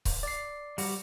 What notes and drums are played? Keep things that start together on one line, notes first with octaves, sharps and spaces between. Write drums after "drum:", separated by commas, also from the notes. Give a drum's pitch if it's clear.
drum: kick C#1, open hi-hat
D5 C7
G3 F#4, drum: open hi-hat